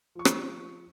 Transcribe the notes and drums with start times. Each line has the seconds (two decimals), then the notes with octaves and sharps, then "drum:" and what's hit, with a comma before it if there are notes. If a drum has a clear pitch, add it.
0.15 F3 C#6
0.25 drum: rim click